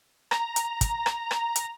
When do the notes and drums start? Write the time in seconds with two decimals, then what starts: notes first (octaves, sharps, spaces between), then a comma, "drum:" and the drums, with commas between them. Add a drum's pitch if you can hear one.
0.31 A#5, drum: rim click
0.56 drum: hi-hat
0.81 drum: kick, hi-hat
1.06 drum: rim click
1.31 drum: rim click
1.56 drum: hi-hat